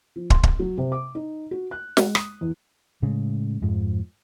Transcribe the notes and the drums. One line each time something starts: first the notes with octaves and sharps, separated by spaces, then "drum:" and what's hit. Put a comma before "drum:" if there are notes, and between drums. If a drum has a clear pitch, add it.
F3
C6, drum: kick
drum: kick
F#3
C3
D6
D#4
F#4
F#6
G#3, drum: snare
D#6, drum: rim click
E2
A2 C#3 G#3
F2 G#2 F3